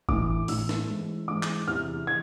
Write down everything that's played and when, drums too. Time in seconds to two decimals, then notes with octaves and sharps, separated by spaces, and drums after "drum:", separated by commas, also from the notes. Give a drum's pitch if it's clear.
0.09 A2 E3 D6, drum: kick G1
0.48 A2 E3 E6, drum: open hi-hat
0.69 drum: snare
0.88 G#2 E3
1.28 G#2 E3 D6
1.43 drum: clap
1.68 E2 C3 E3 F6
2.07 E3 G#6